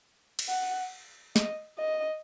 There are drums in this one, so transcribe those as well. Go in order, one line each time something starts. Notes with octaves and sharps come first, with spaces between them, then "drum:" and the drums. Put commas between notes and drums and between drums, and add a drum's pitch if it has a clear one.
drum: cymbal
F#5
D#5, drum: snare
D#5